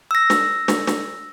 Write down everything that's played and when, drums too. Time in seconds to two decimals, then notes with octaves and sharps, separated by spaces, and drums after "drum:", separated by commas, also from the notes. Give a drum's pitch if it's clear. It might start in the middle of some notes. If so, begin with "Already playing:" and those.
0.11 E6 A#6
0.30 drum: snare
0.68 drum: snare
0.87 drum: snare